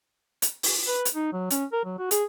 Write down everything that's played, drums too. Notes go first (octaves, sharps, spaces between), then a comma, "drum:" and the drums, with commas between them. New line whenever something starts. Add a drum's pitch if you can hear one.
drum: hi-hat
drum: open hi-hat
B4
drum: hi-hat
D#4
F#3
C#4, drum: hi-hat
A#4
F#3
F#4
G#4, drum: hi-hat